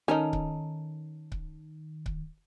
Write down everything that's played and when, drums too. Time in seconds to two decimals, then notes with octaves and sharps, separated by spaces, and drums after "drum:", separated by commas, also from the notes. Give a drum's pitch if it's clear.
0.08 D#3 C#4 D#4 A4 A#4
0.33 drum: kick C#1
1.32 drum: kick C#1
2.06 drum: kick C#1